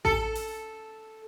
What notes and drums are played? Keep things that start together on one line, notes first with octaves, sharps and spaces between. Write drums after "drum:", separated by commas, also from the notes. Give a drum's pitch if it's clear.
A4, drum: kick A1
drum: open hi-hat